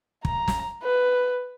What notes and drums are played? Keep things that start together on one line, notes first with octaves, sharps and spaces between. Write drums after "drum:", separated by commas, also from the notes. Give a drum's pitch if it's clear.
A#5, drum: kick
drum: snare
B4